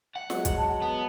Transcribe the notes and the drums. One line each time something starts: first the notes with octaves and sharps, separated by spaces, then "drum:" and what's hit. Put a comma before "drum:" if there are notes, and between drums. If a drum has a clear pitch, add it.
F#5
F#3 G#3, drum: snare
drum: kick, hi-hat
A5
B3